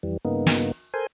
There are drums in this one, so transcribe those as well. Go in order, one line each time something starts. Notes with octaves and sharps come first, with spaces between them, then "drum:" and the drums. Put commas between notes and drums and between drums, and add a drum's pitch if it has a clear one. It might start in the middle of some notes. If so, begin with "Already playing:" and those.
F2 E3 G3
G2 C#3 A#3 B3 D#4
drum: snare
A4 A#4 C5 G#5 C6